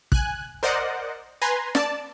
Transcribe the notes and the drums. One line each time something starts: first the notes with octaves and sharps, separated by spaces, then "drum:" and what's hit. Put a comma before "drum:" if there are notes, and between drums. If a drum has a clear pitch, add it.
G#5 F#6, drum: kick
A#4 C5 D5 D#5 F#5
B4 G#5 A#5 C6
D5 A5, drum: snare